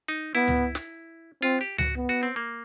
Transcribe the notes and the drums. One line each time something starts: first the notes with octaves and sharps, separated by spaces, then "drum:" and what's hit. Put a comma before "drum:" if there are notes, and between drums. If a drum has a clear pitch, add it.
D#4
B3 E4
drum: tom C#2
drum: snare
C4 F4, drum: hi-hat
G4
F#4, drum: tom C#2
B3
F#4
C4
A#3